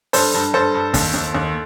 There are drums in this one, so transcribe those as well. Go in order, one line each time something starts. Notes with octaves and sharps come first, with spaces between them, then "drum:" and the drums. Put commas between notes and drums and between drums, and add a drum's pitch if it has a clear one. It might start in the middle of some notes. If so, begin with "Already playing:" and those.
G2 A4 C5, drum: open hi-hat
G2
G2 A4 C5
G2
D#2, drum: kick, open hi-hat
D#2
D#2